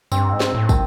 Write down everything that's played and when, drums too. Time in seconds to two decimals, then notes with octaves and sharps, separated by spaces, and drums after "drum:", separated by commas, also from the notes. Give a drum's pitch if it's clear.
0.12 G2 C4, drum: tambourine
0.33 G#2
0.40 C4, drum: snare
0.55 A2
0.69 D#3, drum: kick, tambourine